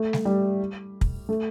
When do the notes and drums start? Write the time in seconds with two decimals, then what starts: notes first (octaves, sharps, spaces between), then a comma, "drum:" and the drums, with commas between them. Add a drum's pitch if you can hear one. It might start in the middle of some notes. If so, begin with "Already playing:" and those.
Already playing: A3
0.13 drum: snare G3
0.25 G3
1.01 drum: kick
1.29 A3